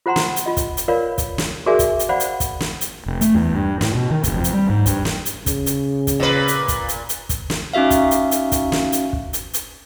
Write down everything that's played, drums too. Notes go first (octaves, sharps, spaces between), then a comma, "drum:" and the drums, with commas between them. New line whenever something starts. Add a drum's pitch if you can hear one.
F4 C5 F#5 A#5 C6
drum: snare
drum: hi-hat
F4 D#5
drum: kick, hi-hat
drum: hi-hat
F4 A#4 B4 C#5 D5 F5
drum: kick, hi-hat
drum: snare
F#4 G#4 A#4 D5 E5 G#5
drum: kick, hi-hat
drum: hi-hat
C5 D5 F5 F#5 B5
drum: hi-hat
drum: kick, hi-hat
drum: snare
drum: hi-hat
F1
A3, drum: hi-hat
E2
G2
A2, drum: snare
B2
D#3
F#1, drum: kick, hi-hat
F2
drum: hi-hat
G3
G#2
G2, drum: kick, hi-hat
drum: snare
drum: hi-hat
C#3, drum: kick, hi-hat
drum: hi-hat
drum: kick, hi-hat
A#2 B4
drum: hi-hat
drum: kick, hi-hat
drum: hi-hat
drum: hi-hat
drum: kick, hi-hat
drum: snare
C#4 D#4 F#4 E5 F5
drum: kick, hi-hat
drum: hi-hat
drum: hi-hat
drum: kick, hi-hat
drum: snare
drum: hi-hat
drum: kick
drum: hi-hat
drum: hi-hat